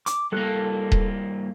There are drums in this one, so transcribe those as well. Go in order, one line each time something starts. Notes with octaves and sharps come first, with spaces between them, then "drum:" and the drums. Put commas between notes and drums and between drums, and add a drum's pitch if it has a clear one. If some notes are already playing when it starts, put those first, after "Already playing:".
D6, drum: hi-hat
G2 A#3 A4 F#6
drum: kick D#1